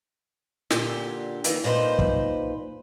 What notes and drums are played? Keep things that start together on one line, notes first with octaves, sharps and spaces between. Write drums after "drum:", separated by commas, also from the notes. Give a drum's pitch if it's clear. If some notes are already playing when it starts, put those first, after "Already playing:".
A#2 D3 G4, drum: snare
D#3 E3 A#3, drum: hi-hat
A#2 D#4 B4 C5
drum: kick